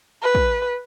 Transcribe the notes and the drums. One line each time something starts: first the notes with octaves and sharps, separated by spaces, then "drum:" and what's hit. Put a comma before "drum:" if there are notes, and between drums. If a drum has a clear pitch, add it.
B4
drum: kick